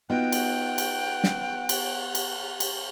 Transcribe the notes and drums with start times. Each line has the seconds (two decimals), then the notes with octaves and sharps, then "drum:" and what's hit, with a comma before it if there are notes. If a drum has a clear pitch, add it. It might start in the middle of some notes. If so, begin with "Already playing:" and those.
0.10 B3 D#4 F4 F#4 F#5 G5
0.32 drum: cymbal
0.78 drum: cymbal
1.24 drum: snare
1.69 drum: cymbal
2.15 drum: cymbal
2.60 drum: cymbal